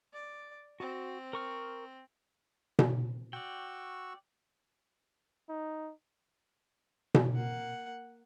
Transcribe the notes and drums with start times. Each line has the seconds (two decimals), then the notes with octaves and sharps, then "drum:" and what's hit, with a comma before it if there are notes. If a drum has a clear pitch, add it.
0.13 D5
0.80 C4 F#4
1.33 A#4 C#6 F6
2.79 drum: tom B2
3.33 F#4 D5 G5 C#6 E6
5.49 D#4
7.14 drum: tom B2
7.33 A#3 F#5